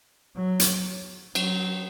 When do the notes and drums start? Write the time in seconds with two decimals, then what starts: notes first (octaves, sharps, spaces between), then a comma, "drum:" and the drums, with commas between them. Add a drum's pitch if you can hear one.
0.36 F#3
0.60 drum: hi-hat
1.35 F#3, drum: cymbal